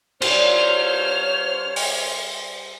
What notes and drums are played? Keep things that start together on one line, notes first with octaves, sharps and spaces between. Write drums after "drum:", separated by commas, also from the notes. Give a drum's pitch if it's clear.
G3 C4 C5 C#5 F6, drum: cymbal
drum: open hi-hat